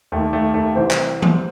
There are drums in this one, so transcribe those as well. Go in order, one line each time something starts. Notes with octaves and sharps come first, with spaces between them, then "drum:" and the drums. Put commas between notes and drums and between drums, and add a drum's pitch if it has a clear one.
D#2 D#3 A3
A3
A3
C2 C3 E3 C4
drum: clap
drum: tom E3